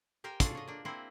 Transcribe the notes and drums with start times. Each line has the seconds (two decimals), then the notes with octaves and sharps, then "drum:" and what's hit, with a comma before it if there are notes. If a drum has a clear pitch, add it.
0.24 G4 A#4 C5 G5 G#5
0.40 D4 F4 F#4 G#4 A4, drum: kick, hi-hat
0.55 C#5 D#5
0.68 A#3 D4
0.85 A#3 C4 E4 C5 F#5 G#5